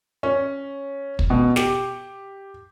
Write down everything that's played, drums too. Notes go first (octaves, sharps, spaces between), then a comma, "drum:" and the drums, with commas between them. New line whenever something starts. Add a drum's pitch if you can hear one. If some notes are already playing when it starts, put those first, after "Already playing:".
C#4
drum: kick
B2
G4, drum: snare